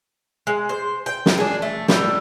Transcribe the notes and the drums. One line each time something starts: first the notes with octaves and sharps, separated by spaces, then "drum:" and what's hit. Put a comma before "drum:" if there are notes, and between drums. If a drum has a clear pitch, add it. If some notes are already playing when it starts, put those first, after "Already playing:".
G#3
C5
G5
drum: snare
D4 G#4
A3
A2 G3, drum: snare